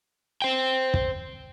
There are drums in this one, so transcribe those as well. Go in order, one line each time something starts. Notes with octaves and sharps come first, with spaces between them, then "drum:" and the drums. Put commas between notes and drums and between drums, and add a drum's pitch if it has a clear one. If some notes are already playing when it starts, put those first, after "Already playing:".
C5 G5
drum: kick